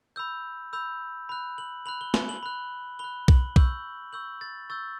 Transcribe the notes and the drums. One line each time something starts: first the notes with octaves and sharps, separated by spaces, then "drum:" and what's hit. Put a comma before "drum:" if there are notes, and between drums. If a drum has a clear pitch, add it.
B5 E6 G6
B5 E6 G6
B5 F#6
F#7
B5 F#6 F#7
G7
G7, drum: snare
F#7
B5 F#6
B5 F#6 G7
F#7, drum: kick B1
C#6 E6 G6 F#7, drum: kick B1
C#6 E6 G6 F#7
A6
C#6 E6 G6 A6